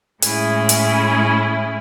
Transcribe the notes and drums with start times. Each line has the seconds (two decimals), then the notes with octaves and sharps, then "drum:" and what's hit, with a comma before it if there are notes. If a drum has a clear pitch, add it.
0.22 A2 G#3 C#4 E4 G#4, drum: hi-hat
0.69 drum: hi-hat